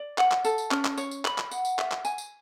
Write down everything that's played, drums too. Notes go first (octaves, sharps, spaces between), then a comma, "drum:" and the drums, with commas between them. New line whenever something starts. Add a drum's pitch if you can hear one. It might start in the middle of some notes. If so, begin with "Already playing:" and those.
Already playing: D5
F#5, drum: clap
drum: clap
A4, drum: tambourine
drum: tambourine
C#4, drum: clap
drum: clap
C#5, drum: tambourine
drum: tambourine
B5, drum: clap
drum: clap
F#5, drum: tambourine
drum: tambourine
E5, drum: clap
drum: clap
G#5, drum: tambourine
drum: tambourine